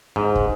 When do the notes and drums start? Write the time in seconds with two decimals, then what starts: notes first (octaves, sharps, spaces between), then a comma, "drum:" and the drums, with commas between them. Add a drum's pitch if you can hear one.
0.16 G#2
0.35 drum: kick